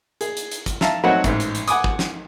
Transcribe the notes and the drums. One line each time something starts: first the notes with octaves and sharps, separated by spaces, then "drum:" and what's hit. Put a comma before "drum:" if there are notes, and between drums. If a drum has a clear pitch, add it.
G#4, drum: hi-hat
drum: hi-hat
drum: hi-hat
drum: kick, hi-hat
E5 F5 A5 A#5, drum: snare
F#3 A3 C4 D#4 F#4 F#5
A1 G#2, drum: kick, hi-hat
drum: hi-hat
drum: hi-hat
F#5 G#5 D6 D#6, drum: hi-hat
drum: kick
drum: snare